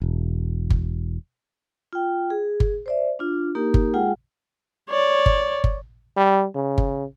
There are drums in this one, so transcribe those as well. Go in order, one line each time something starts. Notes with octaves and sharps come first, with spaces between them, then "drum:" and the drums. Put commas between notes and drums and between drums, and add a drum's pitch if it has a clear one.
E1
drum: kick G1
F4 G5
G#4
drum: kick G1
C5 D5 E5
D4 F4
A#3 D#4 G4 A#4
drum: kick G1
G#3 F4 G#4 F#5 G5
C#5 D5
drum: kick G1
drum: kick G1
G3
C#3
drum: kick G1